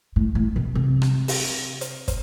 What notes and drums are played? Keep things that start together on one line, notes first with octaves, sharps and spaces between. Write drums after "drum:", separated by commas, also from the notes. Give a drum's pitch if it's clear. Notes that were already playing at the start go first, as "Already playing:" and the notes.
A2
A2
B2
C3
drum: rim click
drum: open hi-hat
drum: hi-hat
drum: kick, hi-hat